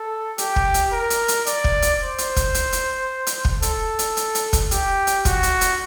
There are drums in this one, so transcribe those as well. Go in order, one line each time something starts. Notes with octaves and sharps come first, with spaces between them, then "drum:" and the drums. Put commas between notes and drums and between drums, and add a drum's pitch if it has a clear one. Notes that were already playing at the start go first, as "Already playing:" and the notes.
Already playing: A4
G4, drum: hi-hat
drum: kick
drum: hi-hat
A#4
drum: hi-hat
drum: hi-hat
D5, drum: hi-hat
drum: kick
drum: hi-hat
C5
drum: hi-hat
drum: kick, hi-hat
drum: hi-hat
drum: hi-hat
drum: hi-hat
drum: kick
A4, drum: hi-hat
drum: hi-hat
drum: hi-hat
drum: hi-hat
drum: kick, hi-hat
G4, drum: hi-hat
drum: hi-hat
F#4, drum: kick, hi-hat
drum: hi-hat
drum: hi-hat